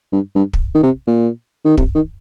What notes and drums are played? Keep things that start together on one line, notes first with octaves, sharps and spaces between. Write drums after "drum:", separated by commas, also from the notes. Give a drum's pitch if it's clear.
G2
G2
drum: kick
D#3
C3
A#2
D#3
C3, drum: kick
D#3